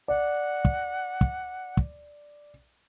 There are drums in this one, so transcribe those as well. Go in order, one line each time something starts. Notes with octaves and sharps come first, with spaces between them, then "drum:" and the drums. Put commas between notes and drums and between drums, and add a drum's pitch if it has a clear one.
D5 F#5
drum: kick
drum: kick
drum: kick